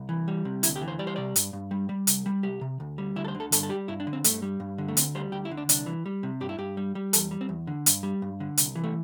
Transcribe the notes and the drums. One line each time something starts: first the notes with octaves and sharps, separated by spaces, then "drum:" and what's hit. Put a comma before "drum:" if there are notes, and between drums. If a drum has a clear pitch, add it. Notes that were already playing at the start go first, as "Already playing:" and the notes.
Already playing: C2
E3
G3
C3
D2 E4, drum: hi-hat
G4
E3
C5
G3 D5
C5
C3 D5
G2, drum: hi-hat
G2
G3
G3
C2, drum: hi-hat
G3
C2 G4
C3
D2
G3
D2 E4
A4
C5
D3
A4
G2 A4, drum: hi-hat
A4
G3 G4
G2 E4
D4
D3
C4
G2 A3, drum: hi-hat
G3
G2
D3
A3
D2 C4, drum: hi-hat
G3 C5
D2 G4
E4
D3
D4
C2 D4, drum: hi-hat
E3
G3
C3
G2 G4
E4
G2 G4
G3
G3
E2 A4, drum: hi-hat
G3
C4
E2
D3
G2, drum: hi-hat
G3
G2
D3
C2, drum: hi-hat
E3
A3